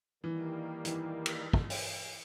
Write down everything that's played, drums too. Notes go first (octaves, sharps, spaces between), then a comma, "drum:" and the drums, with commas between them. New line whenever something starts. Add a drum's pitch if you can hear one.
D#3 E3 G3 A#3
E3, drum: hi-hat
drum: cymbal
drum: kick
drum: open hi-hat